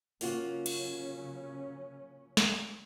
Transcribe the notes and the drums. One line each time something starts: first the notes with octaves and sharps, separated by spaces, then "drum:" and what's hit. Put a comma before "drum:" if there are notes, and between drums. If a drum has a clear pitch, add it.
C#3 F#3 A#3 C#4 F4 F#4, drum: open hi-hat
drum: cymbal
drum: snare